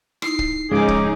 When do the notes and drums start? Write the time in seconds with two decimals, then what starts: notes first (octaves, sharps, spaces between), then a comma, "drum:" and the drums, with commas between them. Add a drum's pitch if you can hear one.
0.22 D#4 E4 C7, drum: rim click
0.39 drum: kick
0.72 G#2 C#3 F3 C#4 D#4 G#4 G#5 D6
0.88 drum: kick